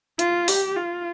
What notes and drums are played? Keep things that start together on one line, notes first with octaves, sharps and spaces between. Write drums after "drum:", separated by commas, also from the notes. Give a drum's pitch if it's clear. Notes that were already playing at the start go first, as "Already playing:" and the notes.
F4, drum: hi-hat
G4, drum: open hi-hat
F4